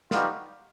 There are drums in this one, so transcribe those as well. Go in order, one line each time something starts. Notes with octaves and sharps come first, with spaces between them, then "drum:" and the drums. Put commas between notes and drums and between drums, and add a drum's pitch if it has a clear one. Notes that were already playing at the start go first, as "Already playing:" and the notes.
G3 B3 D#4 F4 F#4 F5, drum: snare